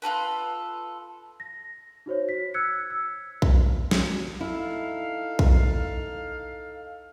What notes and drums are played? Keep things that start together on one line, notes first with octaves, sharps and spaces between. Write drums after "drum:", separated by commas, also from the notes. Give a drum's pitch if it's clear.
F4 F#4 A4 B4
A#6
D#4 F#4 C5 C#5
B6
E6 F#6 G#6 C#7
E6
drum: kick B1
drum: snare
D#4 E4 A4 F5
drum: kick B1